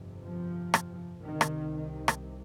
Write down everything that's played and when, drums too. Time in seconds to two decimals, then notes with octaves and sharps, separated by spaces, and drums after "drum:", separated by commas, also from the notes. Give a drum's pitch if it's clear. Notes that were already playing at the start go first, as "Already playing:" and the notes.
Already playing: G1 F2 C3
0.24 F3
0.74 drum: rim click
1.24 C2 C3 D#3
1.41 drum: rim click
1.74 D#3
2.08 drum: rim click